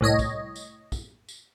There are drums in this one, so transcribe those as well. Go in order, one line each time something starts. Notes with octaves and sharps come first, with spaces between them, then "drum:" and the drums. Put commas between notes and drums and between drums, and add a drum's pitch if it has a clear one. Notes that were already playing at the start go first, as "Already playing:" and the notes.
C2 A2 C#5 D#5
drum: kick, tambourine
drum: tambourine
drum: kick, tambourine
drum: tambourine